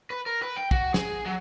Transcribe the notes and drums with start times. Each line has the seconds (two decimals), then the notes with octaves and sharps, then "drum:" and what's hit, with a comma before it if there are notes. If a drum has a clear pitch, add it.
0.10 B4
0.26 A#4
0.42 B4
0.57 G5
0.71 F#4, drum: kick
0.94 G#4, drum: snare
1.26 F#3